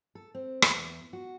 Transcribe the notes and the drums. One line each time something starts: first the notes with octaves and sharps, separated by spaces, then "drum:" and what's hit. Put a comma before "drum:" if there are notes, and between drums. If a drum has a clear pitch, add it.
A4
C4
E2, drum: rim click
F#4